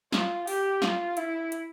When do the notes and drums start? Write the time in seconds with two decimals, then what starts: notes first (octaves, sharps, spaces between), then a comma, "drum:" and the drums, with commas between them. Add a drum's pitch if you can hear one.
0.12 F4, drum: snare
0.47 G4, drum: open hi-hat
0.82 F4, drum: snare
1.17 E4, drum: hi-hat
1.52 drum: hi-hat